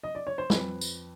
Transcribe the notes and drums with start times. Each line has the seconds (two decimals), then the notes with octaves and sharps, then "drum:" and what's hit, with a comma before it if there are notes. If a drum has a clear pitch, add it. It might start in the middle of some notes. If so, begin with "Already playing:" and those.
0.03 D#5
0.15 D5
0.27 C#5
0.38 C5
0.50 F2 B4, drum: snare
0.81 drum: tambourine